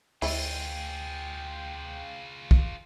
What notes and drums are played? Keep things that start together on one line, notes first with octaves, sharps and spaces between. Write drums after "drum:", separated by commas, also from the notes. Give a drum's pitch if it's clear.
D2 E4 F4 G#4 C#5 G5, drum: open hi-hat
drum: kick